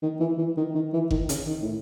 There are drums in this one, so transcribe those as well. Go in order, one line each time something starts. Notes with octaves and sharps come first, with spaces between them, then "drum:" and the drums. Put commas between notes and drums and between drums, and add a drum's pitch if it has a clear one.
D#3
E3
E3
D#3
D#3
E3
D#3, drum: kick F#1
C#3, drum: hi-hat
D#3
A2